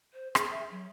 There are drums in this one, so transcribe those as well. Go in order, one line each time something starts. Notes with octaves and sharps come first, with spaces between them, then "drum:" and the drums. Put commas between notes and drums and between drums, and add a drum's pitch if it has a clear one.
C5
G#4, drum: rim click
E5
F#3